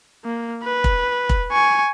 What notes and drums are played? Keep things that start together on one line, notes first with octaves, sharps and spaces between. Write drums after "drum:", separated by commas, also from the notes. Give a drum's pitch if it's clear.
A#3
B4
drum: kick
drum: kick
G#5 C#6